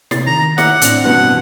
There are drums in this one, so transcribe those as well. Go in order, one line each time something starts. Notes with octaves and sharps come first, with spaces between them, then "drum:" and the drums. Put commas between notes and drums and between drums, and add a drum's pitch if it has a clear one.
C3 A6 C7, drum: snare
D#3 A#5
E4 F#5 D6 C#7, drum: snare
A2 C4 D4 F7, drum: hi-hat
G2 B2 E3 G3 B3 C4 F#5